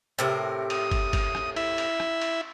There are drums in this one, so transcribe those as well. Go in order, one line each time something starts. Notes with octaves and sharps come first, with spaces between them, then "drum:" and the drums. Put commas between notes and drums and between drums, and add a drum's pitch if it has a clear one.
A2 C3 A#4
D#6, drum: cymbal
drum: kick, cymbal
drum: kick, cymbal
drum: rim click
E4 E5, drum: cymbal
drum: cymbal
drum: rim click
drum: cymbal